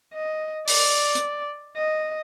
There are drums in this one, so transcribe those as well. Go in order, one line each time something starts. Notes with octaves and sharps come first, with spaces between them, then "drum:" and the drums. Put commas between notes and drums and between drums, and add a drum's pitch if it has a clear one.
D#5
D5, drum: open hi-hat
drum: hi-hat
D#5